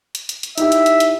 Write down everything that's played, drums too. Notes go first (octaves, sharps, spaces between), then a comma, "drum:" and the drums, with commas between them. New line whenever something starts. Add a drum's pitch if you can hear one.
drum: hi-hat
drum: hi-hat
drum: hi-hat
D#4 E4 G4 E5, drum: hi-hat
drum: hi-hat
drum: hi-hat
drum: hi-hat